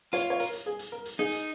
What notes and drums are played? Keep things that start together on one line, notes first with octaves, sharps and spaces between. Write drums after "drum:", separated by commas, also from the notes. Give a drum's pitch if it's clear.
F4 C#5, drum: hi-hat
C#5
A#4, drum: hi-hat
drum: hi-hat
G#4
drum: hi-hat
A#4
drum: hi-hat
D#4 G#4
drum: hi-hat